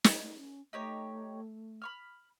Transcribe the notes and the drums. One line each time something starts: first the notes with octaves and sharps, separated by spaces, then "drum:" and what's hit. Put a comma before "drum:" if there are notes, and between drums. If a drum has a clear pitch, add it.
drum: snare
C#4
A3 D#4 G4 C#5
B5 C#6 F6